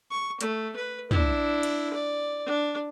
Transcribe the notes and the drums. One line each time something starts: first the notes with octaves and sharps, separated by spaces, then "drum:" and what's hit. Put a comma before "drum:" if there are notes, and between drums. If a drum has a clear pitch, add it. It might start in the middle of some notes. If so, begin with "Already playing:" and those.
C#6
A3, drum: hi-hat
B4
D4 E4, drum: tom
drum: cymbal
D5
D4